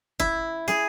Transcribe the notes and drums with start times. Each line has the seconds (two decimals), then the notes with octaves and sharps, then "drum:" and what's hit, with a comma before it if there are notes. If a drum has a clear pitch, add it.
0.20 E4, drum: kick
0.68 G#4, drum: snare